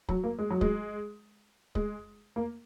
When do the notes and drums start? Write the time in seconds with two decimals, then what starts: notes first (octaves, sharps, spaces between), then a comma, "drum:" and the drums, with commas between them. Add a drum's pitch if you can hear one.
0.09 F#3, drum: kick
0.24 A#3
0.39 G#3
0.50 F#3
0.61 G#3, drum: kick
1.75 G#3, drum: kick
2.36 A#3